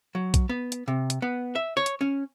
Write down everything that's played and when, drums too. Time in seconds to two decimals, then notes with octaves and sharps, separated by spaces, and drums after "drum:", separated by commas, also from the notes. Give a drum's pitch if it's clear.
0.15 F#3
0.34 drum: kick B1, hi-hat
0.49 B3
0.72 drum: hi-hat
0.88 C3
1.10 drum: hi-hat
1.22 B3
1.55 E5
1.77 C#5
1.86 drum: hi-hat
2.01 C#4